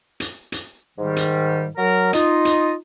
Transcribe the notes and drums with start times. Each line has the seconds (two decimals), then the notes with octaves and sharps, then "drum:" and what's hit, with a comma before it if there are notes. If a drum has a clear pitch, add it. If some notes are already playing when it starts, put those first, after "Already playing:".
0.20 drum: hi-hat
0.52 drum: hi-hat
0.98 G#2 D#3 G3
1.16 drum: hi-hat
1.77 F#3 A#4
2.13 D#4 F4 D#5, drum: hi-hat
2.45 drum: hi-hat